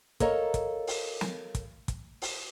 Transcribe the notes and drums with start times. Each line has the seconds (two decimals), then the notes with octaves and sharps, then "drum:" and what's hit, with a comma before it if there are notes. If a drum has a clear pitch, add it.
0.20 A4 A#4 C#5 D#5 F5, drum: kick, hi-hat
0.54 drum: kick, hi-hat
0.87 drum: open hi-hat
1.21 drum: snare
1.55 drum: kick, hi-hat
1.88 drum: kick, hi-hat
2.22 drum: open hi-hat